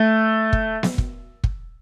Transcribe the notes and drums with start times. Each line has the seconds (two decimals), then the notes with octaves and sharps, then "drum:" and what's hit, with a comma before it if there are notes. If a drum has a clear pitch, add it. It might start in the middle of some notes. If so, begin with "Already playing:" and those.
Already playing: A3
0.53 drum: kick
0.83 drum: snare B3
0.98 drum: kick
1.44 drum: kick